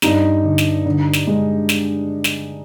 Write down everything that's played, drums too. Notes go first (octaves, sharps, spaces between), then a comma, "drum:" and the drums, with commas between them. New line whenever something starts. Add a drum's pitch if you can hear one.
G2 D#4, drum: snare
D3
drum: snare
D3
drum: snare
G#3
drum: snare
drum: snare